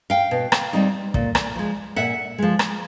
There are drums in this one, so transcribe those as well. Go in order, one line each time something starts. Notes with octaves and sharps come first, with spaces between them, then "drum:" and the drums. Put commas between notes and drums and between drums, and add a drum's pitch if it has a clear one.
F5 G5
B2
drum: rim click
G3 C4 D#4
A#2, drum: kick
drum: rim click
F3 G#3
A#2 E5 F#5
F3 G#3
drum: rim click